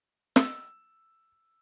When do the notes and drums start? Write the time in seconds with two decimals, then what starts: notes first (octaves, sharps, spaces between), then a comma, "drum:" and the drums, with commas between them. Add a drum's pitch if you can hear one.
0.36 E6, drum: snare